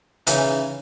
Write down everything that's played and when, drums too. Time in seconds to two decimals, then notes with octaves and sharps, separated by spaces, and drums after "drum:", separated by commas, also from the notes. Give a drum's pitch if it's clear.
0.27 C#3 E3 D#4, drum: hi-hat